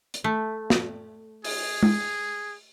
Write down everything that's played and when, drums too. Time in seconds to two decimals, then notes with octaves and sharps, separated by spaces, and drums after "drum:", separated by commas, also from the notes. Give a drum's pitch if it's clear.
0.14 drum: hi-hat
0.24 A3
0.70 drum: snare
1.45 G#4, drum: open hi-hat
1.83 drum: tom G#3